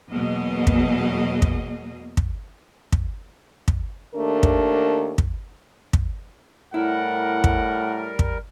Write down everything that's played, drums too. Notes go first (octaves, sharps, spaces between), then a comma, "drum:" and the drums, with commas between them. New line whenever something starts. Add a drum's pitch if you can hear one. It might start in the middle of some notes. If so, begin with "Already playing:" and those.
E2 B2 F#3 A#3 G#4 D#5
drum: kick
drum: kick
drum: kick
drum: kick
drum: kick
D#2 A3 D4 A#4
drum: kick
drum: kick
drum: kick
A2 G3 E4 A#4 F#5
drum: kick
drum: kick